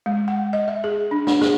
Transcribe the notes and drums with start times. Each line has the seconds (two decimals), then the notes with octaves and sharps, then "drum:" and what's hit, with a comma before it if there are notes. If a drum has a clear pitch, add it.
0.06 G#3
0.28 F#5
0.53 D#5
0.68 E5
0.84 G#4
1.11 D4
1.27 D4, drum: snare
1.41 G#4, drum: snare